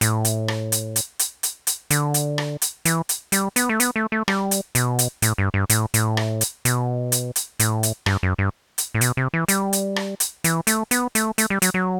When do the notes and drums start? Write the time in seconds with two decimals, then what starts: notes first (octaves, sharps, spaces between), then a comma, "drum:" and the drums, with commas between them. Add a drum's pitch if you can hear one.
0.01 A2, drum: hi-hat
0.25 drum: hi-hat
0.48 drum: rim click
0.72 drum: hi-hat
0.96 drum: hi-hat
1.19 drum: hi-hat
1.43 drum: hi-hat
1.67 drum: hi-hat
1.90 D3, drum: hi-hat
2.14 drum: hi-hat
2.38 drum: rim click
2.62 drum: hi-hat
2.85 E3, drum: hi-hat
3.09 drum: hi-hat
3.32 G3, drum: hi-hat
3.56 B3, drum: hi-hat
3.69 A3
3.80 B3, drum: hi-hat
3.96 A3
4.12 A3
4.28 G3, drum: rim click
4.51 drum: hi-hat
4.75 B2, drum: hi-hat
4.99 drum: hi-hat
5.22 A2, drum: hi-hat
5.38 G2
5.54 G2
5.70 A2, drum: hi-hat
5.94 A2, drum: hi-hat
6.17 drum: rim click
6.41 drum: hi-hat
6.65 B2, drum: hi-hat
7.12 drum: hi-hat
7.36 drum: hi-hat
7.60 A2, drum: hi-hat
7.83 drum: hi-hat
8.06 G2, drum: rim click
8.23 F#2
8.38 G2
8.78 drum: hi-hat
8.95 A2
9.01 B2, drum: hi-hat
9.17 C3
9.34 E3
9.48 G3, drum: hi-hat
9.73 drum: hi-hat
9.96 drum: rim click
10.20 drum: hi-hat
10.44 E3, drum: hi-hat
10.67 A3, drum: hi-hat
10.91 B3, drum: hi-hat
11.15 A3, drum: hi-hat
11.38 A3, drum: hi-hat
11.50 G3
11.62 F#3, drum: hi-hat
11.74 F#3